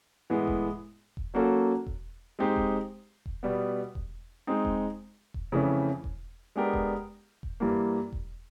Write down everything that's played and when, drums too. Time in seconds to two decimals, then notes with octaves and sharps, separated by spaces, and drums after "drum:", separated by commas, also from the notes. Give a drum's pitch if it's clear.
0.30 A2 E3 G#3 B3
0.47 drum: kick E1
1.17 drum: kick E1
1.34 F#3 A#3 C#4 F#4 A4
1.87 drum: kick E1
2.39 G#3 C4 D#4 G4 C5
2.56 drum: kick E1
3.26 drum: kick E1
3.43 B2 G3 B3
3.95 drum: kick E1
4.47 G#3 C4 D#4
4.65 drum: kick E1
5.34 drum: kick E1
5.52 F2 C#3 E3 A3 C#4
6.04 drum: kick E1
6.56 G#3 B3 D4 G4 A#4
6.73 drum: kick E1
7.43 drum: kick E1
7.60 G2 E3 G3 A#3
8.13 drum: kick E1